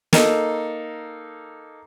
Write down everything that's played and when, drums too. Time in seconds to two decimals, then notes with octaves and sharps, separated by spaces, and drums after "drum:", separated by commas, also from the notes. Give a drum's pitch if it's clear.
0.13 A#3 D#4 A4, drum: snare